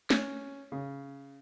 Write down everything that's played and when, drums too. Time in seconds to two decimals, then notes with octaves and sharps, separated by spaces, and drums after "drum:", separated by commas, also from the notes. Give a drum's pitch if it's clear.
0.10 C#4, drum: snare
0.72 C#3